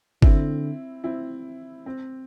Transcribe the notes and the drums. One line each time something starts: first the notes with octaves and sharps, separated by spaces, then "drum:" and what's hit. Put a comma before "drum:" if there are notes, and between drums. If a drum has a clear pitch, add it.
D3 C4 E4, drum: kick G1
C4 E4
C4